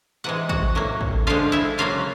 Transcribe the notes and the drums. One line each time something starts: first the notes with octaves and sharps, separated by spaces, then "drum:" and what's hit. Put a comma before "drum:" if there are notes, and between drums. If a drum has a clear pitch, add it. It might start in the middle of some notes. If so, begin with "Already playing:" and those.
C3 E3 G#3 F#5
F#4 F#5, drum: kick
A2 F#3 A#3
drum: kick
D3 F3 G#3 F4 F5
E4 E5
C#3 F#3 A#3 F4 F5